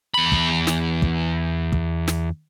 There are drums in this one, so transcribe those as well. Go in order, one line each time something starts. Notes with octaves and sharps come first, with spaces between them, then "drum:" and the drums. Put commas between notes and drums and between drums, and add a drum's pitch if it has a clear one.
E2 B5
drum: kick
drum: snare
drum: kick
drum: kick
drum: snare